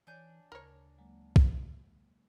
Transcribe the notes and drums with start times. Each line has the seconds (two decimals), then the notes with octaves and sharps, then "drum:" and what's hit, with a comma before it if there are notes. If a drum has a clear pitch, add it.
0.07 E3 D4 C#5 D5 G#5 G6
0.52 D2 C#3 A#4 C#5
0.98 F#3 G#3 A#3
1.36 drum: kick